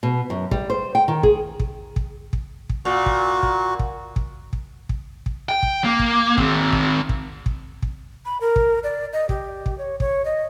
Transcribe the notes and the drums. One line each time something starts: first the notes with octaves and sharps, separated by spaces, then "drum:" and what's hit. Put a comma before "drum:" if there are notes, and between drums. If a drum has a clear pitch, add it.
B2
F#2
G3, drum: kick
C5
G5
D#3
G#4, drum: kick
drum: kick
drum: kick
drum: kick
drum: kick
A#2 F#4
drum: kick
drum: kick
drum: kick
drum: kick
drum: kick
drum: kick
drum: kick
G5
drum: kick
A#3
drum: kick
D#3 C4, drum: kick
drum: kick
drum: kick
drum: kick
drum: kick
B5
A#4
drum: kick
D5
D#5
G4, drum: kick
drum: kick
C#5
C#5, drum: kick
D#5